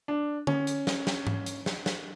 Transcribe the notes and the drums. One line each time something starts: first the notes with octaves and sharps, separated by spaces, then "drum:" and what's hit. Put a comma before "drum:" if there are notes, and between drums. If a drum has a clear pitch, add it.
D4
C#4, drum: tom D3
drum: hi-hat
drum: snare
drum: snare
drum: tom G#2
drum: hi-hat
drum: snare
drum: snare